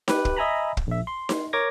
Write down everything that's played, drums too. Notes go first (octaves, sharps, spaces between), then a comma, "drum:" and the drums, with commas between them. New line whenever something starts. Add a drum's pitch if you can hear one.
G4 B4, drum: snare D#4
drum: kick
D#5 E5 G#5 A#5 B5
drum: kick
A#1 E5
C6
drum: snare D#4
A#4 C#5 D6 G#6 A#6